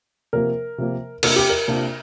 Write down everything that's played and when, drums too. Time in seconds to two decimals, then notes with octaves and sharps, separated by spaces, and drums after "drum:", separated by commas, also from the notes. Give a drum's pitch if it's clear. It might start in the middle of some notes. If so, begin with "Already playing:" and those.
0.33 C3 F3 A#3 A#4
0.78 C3 F3 A#3
1.23 C3 A#3 D4 F4 A#4, drum: cymbal
1.36 G4
1.49 A#4
1.68 C3 A#3 D4 F4